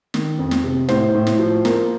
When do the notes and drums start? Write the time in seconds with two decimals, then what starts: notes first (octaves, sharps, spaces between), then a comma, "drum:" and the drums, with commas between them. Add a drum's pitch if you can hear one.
0.14 D#3, drum: snare
0.39 F2
0.51 drum: snare
0.64 C3
0.89 A2 C5, drum: snare
1.15 A2
1.27 drum: snare
1.39 F3
1.65 A#3, drum: snare